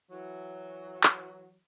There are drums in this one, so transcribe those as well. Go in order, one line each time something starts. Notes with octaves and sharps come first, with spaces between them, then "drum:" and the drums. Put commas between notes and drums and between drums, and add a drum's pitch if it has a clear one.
E3 F#3
drum: clap